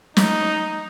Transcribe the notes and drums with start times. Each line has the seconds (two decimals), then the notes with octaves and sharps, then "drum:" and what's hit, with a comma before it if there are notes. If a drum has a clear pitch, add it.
0.17 D#4, drum: snare